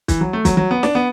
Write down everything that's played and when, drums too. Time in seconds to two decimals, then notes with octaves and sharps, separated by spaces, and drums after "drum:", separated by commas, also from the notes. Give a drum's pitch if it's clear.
0.08 E3, drum: kick, hi-hat
0.21 F#3
0.33 A3
0.45 F#3, drum: kick, hi-hat
0.57 F#3
0.71 B3
0.83 D4, drum: snare
0.95 B3